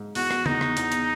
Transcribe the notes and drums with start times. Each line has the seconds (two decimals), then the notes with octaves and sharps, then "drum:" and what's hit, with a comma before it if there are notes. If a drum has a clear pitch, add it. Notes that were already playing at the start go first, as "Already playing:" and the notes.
Already playing: G#2
0.15 E2 F#4, drum: open hi-hat
0.31 drum: rim click
0.46 E2 D#4, drum: tom C#3
0.61 drum: rim click
0.77 E2, drum: hi-hat
0.92 drum: hi-hat